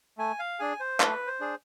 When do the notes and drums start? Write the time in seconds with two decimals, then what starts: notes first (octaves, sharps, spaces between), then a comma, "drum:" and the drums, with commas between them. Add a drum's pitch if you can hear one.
0.18 A3 G#5
0.39 F5
0.60 D4 G#4 G#5
0.80 C5
1.00 A3 B4, drum: clap
1.27 C5
1.40 D4 G#4